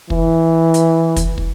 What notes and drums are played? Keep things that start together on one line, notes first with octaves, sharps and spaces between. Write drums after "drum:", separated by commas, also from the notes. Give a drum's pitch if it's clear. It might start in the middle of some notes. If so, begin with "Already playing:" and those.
E3, drum: kick
drum: hi-hat
drum: kick, hi-hat
drum: kick